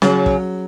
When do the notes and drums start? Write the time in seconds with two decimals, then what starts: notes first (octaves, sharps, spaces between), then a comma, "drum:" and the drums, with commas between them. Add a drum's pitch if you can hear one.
0.02 C#3 F#3, drum: snare
0.26 drum: kick